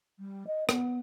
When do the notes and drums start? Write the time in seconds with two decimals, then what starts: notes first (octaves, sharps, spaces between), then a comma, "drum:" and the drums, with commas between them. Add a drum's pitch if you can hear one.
0.19 G3
0.47 D#5
0.69 B3, drum: rim click